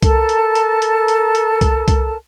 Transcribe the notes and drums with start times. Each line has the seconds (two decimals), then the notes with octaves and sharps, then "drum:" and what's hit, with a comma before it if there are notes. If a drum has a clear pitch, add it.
0.02 A4 A#4 A5, drum: kick C2, hi-hat
0.29 drum: hi-hat
0.55 drum: hi-hat
0.82 drum: hi-hat
1.08 drum: hi-hat
1.35 drum: hi-hat
1.61 drum: kick C2, hi-hat
1.88 drum: kick C2, hi-hat